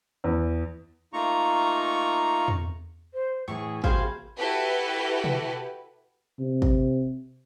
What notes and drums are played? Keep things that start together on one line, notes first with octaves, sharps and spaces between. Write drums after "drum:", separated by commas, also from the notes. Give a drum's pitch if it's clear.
E2
A3 A#3 D#4 F4 A#5 C#6
drum: tom E2
C5
A2 E3 G#4 C#6
C3 A#3 F#4 G#4 C5 F5 B5, drum: kick
E4 F#4 G4 A4 B4
drum: tom
C3
drum: kick